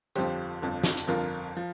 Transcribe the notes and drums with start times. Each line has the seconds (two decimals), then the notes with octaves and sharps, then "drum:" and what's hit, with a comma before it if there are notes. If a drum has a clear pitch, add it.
0.16 G1 F2 F3 G4 C5, drum: tambourine
0.62 G1 F2 F3
0.83 drum: snare
0.97 drum: hi-hat
1.07 G1 F2 F3 F4 A#4
1.56 F3